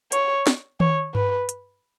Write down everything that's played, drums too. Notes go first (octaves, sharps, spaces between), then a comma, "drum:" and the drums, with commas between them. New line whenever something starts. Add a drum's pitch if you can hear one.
C#5, drum: hi-hat
drum: snare
C#5, drum: tom D#3
B4, drum: tom G2
drum: hi-hat